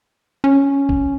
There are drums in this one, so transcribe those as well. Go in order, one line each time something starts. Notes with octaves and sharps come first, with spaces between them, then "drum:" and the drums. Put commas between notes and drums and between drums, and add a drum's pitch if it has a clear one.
C#4
drum: kick